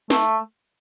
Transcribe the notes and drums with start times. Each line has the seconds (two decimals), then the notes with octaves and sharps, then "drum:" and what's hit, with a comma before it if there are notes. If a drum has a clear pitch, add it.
0.10 A3, drum: snare